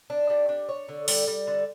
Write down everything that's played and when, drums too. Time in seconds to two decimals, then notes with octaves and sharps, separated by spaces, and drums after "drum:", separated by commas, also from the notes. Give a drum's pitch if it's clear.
0.10 D4
0.30 G3
0.49 D4
0.69 C#5
0.89 D3
1.08 G3, drum: open hi-hat
1.27 G3
1.47 D3